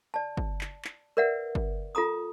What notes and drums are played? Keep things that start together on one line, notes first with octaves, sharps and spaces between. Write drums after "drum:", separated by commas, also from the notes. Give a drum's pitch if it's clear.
D5 A5
drum: kick
drum: clap
drum: clap
A#4 B4 D5 E5 F#5
drum: kick
F4 A4 A#5 D#6